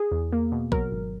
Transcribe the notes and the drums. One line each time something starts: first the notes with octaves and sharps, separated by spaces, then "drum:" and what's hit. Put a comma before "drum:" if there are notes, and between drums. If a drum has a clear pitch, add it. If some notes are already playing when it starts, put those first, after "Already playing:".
Already playing: G#4
E2
A#3
B2
F#3 A#4, drum: kick
G#1